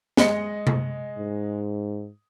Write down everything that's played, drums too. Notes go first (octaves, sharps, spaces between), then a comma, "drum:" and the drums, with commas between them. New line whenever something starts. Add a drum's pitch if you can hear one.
G#3 D#5 C#7, drum: snare
drum: tom C3
G#2